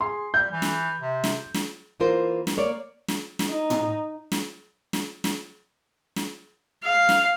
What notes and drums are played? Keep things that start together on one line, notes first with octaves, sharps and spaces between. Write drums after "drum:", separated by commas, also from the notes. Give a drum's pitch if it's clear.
G#4 C6
G3 G6
E3
drum: snare
C3
drum: snare
drum: snare
E3 A#3 F4 A#4 C5
drum: snare
A#3 C#5 D5
drum: snare
drum: snare
D#4
drum: tom
drum: snare
drum: snare
drum: snare
drum: snare
F5
drum: snare